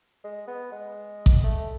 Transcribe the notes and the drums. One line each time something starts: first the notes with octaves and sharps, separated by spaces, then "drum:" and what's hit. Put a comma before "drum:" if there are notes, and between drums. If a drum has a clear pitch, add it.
G#3
B3
G#3
drum: kick A1
A3